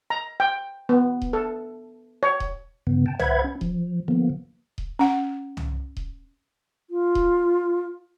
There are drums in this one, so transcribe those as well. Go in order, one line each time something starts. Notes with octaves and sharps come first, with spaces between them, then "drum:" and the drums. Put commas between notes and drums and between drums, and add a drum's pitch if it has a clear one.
A#5
G5
B3
drum: kick D#1
A4
C#5
drum: kick D#1
G2 C#3 B3
G5 A5
B4 C5 E5 F#5 B5 G#6, drum: tom C2
C#4
F3, drum: kick D#1
D3 F3 A#3 B3
drum: kick D#1
C#4 F#5
drum: tom C2
drum: kick D#1
F4
drum: kick D#1